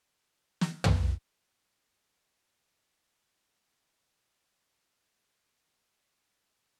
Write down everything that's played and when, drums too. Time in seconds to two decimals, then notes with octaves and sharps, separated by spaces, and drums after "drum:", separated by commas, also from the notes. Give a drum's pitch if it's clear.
0.19 G#3 D4
0.61 drum: snare
0.84 drum: tom
3.49 E4 C#5 E5
4.83 A#2 D3 E3 F#3 A#3
5.56 B3 D#4 E4 F#4
6.44 D4 F4 F#4 B4